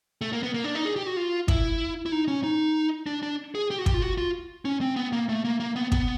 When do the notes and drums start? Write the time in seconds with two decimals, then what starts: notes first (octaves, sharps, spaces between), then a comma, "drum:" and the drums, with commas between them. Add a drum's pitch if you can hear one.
0.21 A3
0.33 A#3
0.43 B3
0.54 A#3
0.64 D4
0.75 D#4
0.85 G#4
0.96 G4
1.06 F#4
1.17 F4
1.48 E4, drum: kick
2.06 E4
2.12 D#4
2.28 C#4
2.44 D#4
3.06 D4
3.23 D4
3.55 G#4
3.71 G4
3.78 F#4
3.86 G4, drum: kick
3.94 F4
4.02 F#4
4.18 F4
4.65 C#4
4.81 C4
4.96 B3
5.12 A#3
5.29 A3
5.45 A#3
5.60 A#3
5.76 B3
5.92 B3, drum: kick